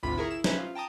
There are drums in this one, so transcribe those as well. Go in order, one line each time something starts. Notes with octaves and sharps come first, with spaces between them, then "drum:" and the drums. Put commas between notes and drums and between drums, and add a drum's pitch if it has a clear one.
G#1 D2 C3 F4 B5
E4 G#4 A#4 C#6
E4 E7
C#4 D#4 B4 C5 E5, drum: snare
F4
G5 A5 A#5 D#6